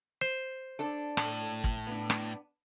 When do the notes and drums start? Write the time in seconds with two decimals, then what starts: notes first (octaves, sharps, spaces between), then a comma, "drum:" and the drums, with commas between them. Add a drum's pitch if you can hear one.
0.21 C5
0.79 D4 A4
1.17 A2, drum: rim click
1.64 drum: kick
1.87 B3 D4
2.10 drum: rim click